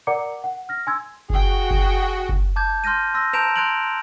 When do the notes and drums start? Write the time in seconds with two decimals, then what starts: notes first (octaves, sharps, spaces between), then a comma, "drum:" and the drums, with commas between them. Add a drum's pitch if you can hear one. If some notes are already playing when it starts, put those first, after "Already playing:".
0.07 A#4 D5 F#5 A#5 D6 C#7
0.44 F#5
0.69 F6 A#6
0.87 G#5 C6 E6 G#6
1.30 F#4 G#4 G5, drum: kick F#1
1.70 drum: kick F#1
2.29 drum: kick F#1
2.56 A5 D6 G6 G#6
2.84 C6 F6 G6 A#6 D#7
3.14 C6 E6 A#6
3.33 A5 A#5 G6 D7 E7 F7, drum: rim click
3.56 C6 F#6 G#6 D7 F7 F#7